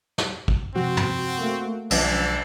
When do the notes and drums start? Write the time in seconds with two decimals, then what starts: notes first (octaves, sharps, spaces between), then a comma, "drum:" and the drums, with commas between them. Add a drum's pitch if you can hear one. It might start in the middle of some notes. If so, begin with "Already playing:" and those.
0.18 drum: snare
0.48 drum: kick
0.75 C3 F3 G#3 C4 F#4
0.97 drum: tom
1.38 A3 A#3
1.91 B1 D#3 F3 G#3 C#4 D4 E6, drum: cymbal